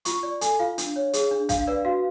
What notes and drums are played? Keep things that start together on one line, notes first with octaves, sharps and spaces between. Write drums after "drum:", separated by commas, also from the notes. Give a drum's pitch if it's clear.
F4 C#6, drum: hi-hat
D5
A4 G#5, drum: hi-hat
F4 F5
D4, drum: hi-hat
C#5
G#4, drum: hi-hat
D4
D4 F5, drum: kick C2, hi-hat
F5
B4 D5
F#4 F5